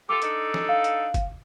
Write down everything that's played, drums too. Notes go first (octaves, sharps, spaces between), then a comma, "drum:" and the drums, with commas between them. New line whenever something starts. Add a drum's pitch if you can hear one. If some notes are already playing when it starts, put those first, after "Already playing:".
F4 G4 A4 D6
D4 D#4 A4, drum: hi-hat
drum: snare
F5
drum: hi-hat
drum: kick, hi-hat